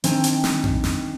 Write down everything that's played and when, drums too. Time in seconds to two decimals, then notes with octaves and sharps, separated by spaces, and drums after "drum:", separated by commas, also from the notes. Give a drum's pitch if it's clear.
0.04 D#3 C4 D4 G5 G#5 A#5, drum: hi-hat
0.24 drum: hi-hat
0.44 drum: snare
0.64 drum: tom F2
0.84 drum: snare